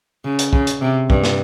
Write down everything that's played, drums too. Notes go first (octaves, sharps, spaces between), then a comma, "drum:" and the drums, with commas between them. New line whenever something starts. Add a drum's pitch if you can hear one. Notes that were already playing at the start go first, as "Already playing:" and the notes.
C#3
drum: hi-hat
C#3, drum: kick
drum: hi-hat
C3
G2, drum: kick
drum: snare